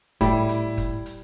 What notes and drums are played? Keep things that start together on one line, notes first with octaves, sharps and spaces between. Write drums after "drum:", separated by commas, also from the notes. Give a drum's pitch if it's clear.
A2 G3 E4, drum: kick, hi-hat
drum: hi-hat
drum: kick, hi-hat
drum: hi-hat